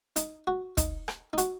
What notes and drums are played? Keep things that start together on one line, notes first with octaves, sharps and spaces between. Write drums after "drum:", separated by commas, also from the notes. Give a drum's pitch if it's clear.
D#4, drum: hi-hat
F#4
D#4, drum: kick, hi-hat
drum: rim click
D#4
F#4, drum: hi-hat